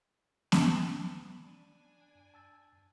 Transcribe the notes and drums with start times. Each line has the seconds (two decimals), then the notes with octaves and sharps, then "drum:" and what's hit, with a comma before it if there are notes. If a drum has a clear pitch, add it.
0.52 drum: snare B3
0.74 B5 D#6
1.44 D4 G#5
2.34 A5 E6 A6